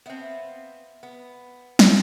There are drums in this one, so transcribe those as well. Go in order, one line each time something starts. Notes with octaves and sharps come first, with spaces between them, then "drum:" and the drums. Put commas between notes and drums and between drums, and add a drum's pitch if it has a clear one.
B3 C4 E5 F5
B3
D4 G4, drum: snare